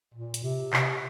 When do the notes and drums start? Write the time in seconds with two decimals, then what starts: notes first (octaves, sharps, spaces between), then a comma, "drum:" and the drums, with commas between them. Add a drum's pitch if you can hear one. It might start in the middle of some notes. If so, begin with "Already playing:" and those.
0.14 A#2
0.34 drum: hi-hat
0.44 C3
0.73 C3, drum: clap